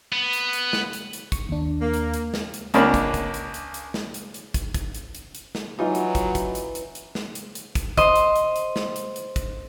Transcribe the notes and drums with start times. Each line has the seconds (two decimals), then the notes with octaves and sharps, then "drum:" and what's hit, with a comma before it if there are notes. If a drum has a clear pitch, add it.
0.12 B3
0.33 drum: hi-hat
0.53 drum: hi-hat
0.73 drum: snare
0.93 drum: hi-hat
1.13 drum: hi-hat
1.32 C#6, drum: kick, hi-hat
1.49 D#2 D4
1.81 A#3
1.94 drum: hi-hat
2.14 drum: hi-hat
2.34 drum: snare
2.54 drum: hi-hat
2.74 C#2 A#3 D4 A#4 C#5 B5, drum: hi-hat
2.94 drum: kick, hi-hat
3.14 drum: kick, hi-hat
3.34 drum: hi-hat
3.54 drum: hi-hat
3.74 drum: hi-hat
3.94 drum: snare
4.14 drum: hi-hat
4.34 drum: hi-hat
4.54 drum: kick, hi-hat
4.74 drum: kick, hi-hat
4.95 drum: hi-hat
5.15 drum: hi-hat
5.35 drum: hi-hat
5.55 drum: snare
5.79 E3 F#3 D#4 F4
5.95 drum: hi-hat
6.15 drum: kick, hi-hat
6.35 drum: kick, hi-hat
6.55 drum: hi-hat
6.75 drum: hi-hat
6.95 drum: hi-hat
7.15 drum: snare
7.35 drum: hi-hat
7.55 drum: hi-hat
7.75 drum: kick, hi-hat
7.97 C5 D#5, drum: kick, hi-hat
8.16 drum: hi-hat
8.36 drum: hi-hat
8.56 drum: hi-hat
8.76 drum: snare
8.96 drum: hi-hat
9.16 drum: hi-hat
9.36 drum: kick, hi-hat